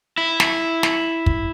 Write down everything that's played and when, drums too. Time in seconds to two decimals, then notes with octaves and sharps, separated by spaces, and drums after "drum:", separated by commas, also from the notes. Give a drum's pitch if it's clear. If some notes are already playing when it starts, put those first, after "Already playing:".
0.18 E4
0.40 drum: snare
0.83 drum: snare
1.26 drum: kick